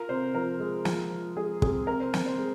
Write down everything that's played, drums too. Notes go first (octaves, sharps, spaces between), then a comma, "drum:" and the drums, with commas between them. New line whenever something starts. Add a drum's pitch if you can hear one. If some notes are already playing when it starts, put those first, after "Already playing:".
Already playing: F4 A#4
C3 C5
F3 A#4
G#3
F3, drum: snare
F3
G#3 G#4
C4 G#4, drum: kick
C3 A#4
C5
C3, drum: snare
C5
G#3